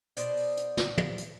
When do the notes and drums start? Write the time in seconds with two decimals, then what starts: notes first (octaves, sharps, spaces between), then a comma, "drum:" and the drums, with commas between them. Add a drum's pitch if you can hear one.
0.17 B2 C5 D5, drum: hi-hat
0.37 drum: open hi-hat
0.57 drum: hi-hat
0.77 drum: snare
0.98 drum: tom
1.18 drum: hi-hat